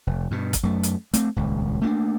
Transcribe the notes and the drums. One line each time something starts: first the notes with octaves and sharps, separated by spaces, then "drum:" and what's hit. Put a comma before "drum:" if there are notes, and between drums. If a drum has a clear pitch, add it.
F1
G2 B2
drum: kick, hi-hat
F#2 A3
drum: hi-hat
A3 B3 C4, drum: hi-hat
D#1 C#2
A3 A#3 C#4 D4